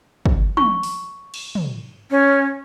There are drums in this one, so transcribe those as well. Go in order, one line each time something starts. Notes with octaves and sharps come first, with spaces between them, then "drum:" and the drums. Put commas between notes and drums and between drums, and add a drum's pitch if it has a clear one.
drum: kick
C#6, drum: tom
drum: open hi-hat
drum: cymbal
drum: tom
C#4